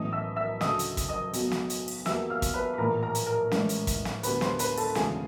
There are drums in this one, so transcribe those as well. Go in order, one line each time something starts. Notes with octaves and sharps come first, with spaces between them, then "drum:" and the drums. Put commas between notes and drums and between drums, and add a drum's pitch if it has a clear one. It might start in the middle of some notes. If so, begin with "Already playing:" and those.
Already playing: B1 A2 E3 A3 C#4 D#5 D#6
E5 E6
E5 E6
D2 C#3 F#3 A3 D#5 D#6, drum: snare
drum: hi-hat
drum: kick, hi-hat
D#5 D#6
B1 B2 F#3 A3, drum: hi-hat
drum: snare
drum: hi-hat
drum: open hi-hat
E2 B2 G3 A#3 E5 E6, drum: snare
F5 F6
drum: kick, hi-hat
B4 B5
B5
A#1 A2 E3 A#4 A#5
A#4 A#5
drum: hi-hat
A#4 A#5
A1 A2 E3 G#3 C#4, drum: snare
drum: hi-hat
drum: kick, hi-hat
drum: snare
D2 D3 G3 B3 D4 B4 B5, drum: hi-hat
C5 C6, drum: snare
B4 B5, drum: hi-hat
A4 A5, drum: open hi-hat
E1 D2 C#3 E3 A3 G#4 G#5, drum: snare